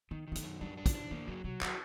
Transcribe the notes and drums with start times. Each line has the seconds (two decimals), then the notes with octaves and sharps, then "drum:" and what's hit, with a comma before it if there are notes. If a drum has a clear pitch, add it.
0.11 D#3 A#3
0.28 D#3 G3
0.35 A3, drum: hi-hat
0.44 F#2
0.61 G3 D4
0.77 D4
0.86 G3, drum: kick, hi-hat
0.94 D4
1.11 D#3 A#3
1.27 D3 F#3
1.44 C3 F#3
1.61 D3 F#4, drum: clap